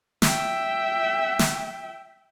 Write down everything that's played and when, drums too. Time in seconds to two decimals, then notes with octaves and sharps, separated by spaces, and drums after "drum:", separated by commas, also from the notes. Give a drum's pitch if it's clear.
0.22 E5 G5, drum: snare
1.39 drum: snare